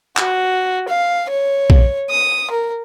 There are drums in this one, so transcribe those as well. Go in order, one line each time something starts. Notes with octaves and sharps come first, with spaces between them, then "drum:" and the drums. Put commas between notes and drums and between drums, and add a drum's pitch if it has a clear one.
F#4, drum: clap
F5
C#5
drum: kick A#1
D#6
A#4